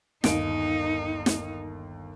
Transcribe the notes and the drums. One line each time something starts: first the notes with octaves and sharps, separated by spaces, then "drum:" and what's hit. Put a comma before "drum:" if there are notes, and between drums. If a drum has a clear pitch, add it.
G1 D#2 D#4 D7, drum: snare
drum: snare